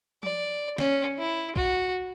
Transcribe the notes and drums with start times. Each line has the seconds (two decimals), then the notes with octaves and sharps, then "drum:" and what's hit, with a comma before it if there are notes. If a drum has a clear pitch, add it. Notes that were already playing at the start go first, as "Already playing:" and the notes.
0.23 D5, drum: tom F3
0.78 C#4, drum: snare
1.19 E4
1.56 F#4, drum: kick A#1